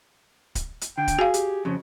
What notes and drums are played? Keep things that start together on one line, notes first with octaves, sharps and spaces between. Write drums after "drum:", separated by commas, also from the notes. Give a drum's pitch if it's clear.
drum: kick D1, hi-hat
drum: hi-hat
D3 G5
drum: kick D1, hi-hat
F#4 G#4 F5
G4, drum: hi-hat
F2 C#3